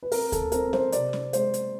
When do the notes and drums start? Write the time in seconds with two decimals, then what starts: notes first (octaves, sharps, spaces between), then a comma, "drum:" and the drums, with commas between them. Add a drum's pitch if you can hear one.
0.03 B4
0.12 C4 A#4, drum: open hi-hat
0.32 A4, drum: kick D2, hi-hat
0.52 C4 A#4, drum: hi-hat
0.73 C5, drum: snare C#4
0.92 C3 D5, drum: hi-hat
1.13 drum: snare C#4
1.33 G#3 C5, drum: hi-hat
1.54 drum: hi-hat